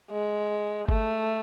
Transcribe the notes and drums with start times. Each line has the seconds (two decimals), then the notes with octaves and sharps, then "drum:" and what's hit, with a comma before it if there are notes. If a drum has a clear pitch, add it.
0.11 G#3
0.89 A3, drum: kick G1